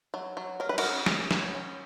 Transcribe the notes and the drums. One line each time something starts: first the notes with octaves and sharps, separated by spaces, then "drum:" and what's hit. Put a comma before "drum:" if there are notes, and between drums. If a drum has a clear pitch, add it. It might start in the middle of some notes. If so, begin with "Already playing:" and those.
F#3
F#3
F#3 A#4
B4
F#4 A#4, drum: cymbal
C#4
C#4, drum: snare
F#3, drum: snare
C#4